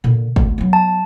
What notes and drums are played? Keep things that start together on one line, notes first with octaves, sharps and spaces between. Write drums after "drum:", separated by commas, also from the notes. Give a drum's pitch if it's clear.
A#2 D3
D2 B3, drum: kick
F#3 B3
A5